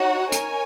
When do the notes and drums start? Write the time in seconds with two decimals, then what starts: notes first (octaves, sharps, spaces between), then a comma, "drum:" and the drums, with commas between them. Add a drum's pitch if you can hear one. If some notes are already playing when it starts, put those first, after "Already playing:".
Already playing: D#4 F#4 C#5 F#5
0.32 A#4 C#5 G#5, drum: hi-hat